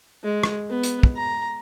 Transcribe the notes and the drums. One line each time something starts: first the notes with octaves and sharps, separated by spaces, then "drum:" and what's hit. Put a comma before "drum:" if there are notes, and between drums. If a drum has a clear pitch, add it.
G#3
drum: rim click
B3
drum: hi-hat
drum: kick
A#5